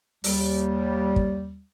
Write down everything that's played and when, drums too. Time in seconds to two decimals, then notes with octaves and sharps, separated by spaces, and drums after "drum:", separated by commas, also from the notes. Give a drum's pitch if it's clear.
0.24 D#2 G3, drum: open hi-hat
1.16 drum: kick